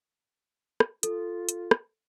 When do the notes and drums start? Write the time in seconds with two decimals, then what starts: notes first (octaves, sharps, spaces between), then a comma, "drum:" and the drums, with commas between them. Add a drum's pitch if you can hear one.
0.80 drum: rim click
1.03 F4 A4, drum: hi-hat
1.49 drum: hi-hat
1.71 drum: rim click